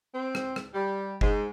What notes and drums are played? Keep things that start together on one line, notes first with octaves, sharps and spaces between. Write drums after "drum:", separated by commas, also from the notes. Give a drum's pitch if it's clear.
C4
drum: rim click
drum: rim click
G3
G#2, drum: kick